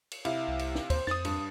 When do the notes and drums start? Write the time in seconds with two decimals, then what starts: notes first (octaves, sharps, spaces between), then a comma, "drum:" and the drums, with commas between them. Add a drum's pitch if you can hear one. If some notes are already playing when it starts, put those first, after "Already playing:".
0.12 drum: cymbal
0.25 C3 E4 F5, drum: cymbal
0.48 C2
0.59 drum: cymbal
0.75 drum: snare
0.90 D#2 C5, drum: kick, cymbal
1.07 F2 D#6 A6, drum: snare
1.25 G2, drum: cymbal